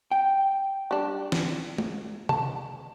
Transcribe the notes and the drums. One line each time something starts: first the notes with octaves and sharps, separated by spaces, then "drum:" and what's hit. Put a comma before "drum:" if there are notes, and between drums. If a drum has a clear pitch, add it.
G5
G3 D4
drum: snare
drum: tom G#3
A5, drum: tom C3